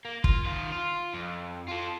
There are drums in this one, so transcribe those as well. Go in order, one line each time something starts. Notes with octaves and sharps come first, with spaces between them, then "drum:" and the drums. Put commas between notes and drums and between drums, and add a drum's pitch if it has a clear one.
A#3
F4, drum: kick
D#3 F4
F4
F2
F4 A4